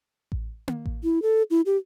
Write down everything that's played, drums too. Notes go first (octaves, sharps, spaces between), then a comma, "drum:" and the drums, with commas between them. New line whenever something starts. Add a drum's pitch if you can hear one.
drum: kick A1
drum: tom A#3
drum: kick A1
E4
A4
E4
G4